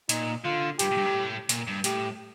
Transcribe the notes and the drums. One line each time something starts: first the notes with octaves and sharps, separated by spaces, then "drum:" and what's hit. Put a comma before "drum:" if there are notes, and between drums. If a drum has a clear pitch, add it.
A#2 D#4, drum: hi-hat
D3 F4
G2 G4, drum: hi-hat
A2
G2
A2
A#2, drum: hi-hat
G2
A2 G4, drum: hi-hat